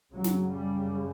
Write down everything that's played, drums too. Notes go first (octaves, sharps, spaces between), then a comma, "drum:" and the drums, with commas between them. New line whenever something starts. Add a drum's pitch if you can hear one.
F#2 C#3 F#3
drum: snare
G3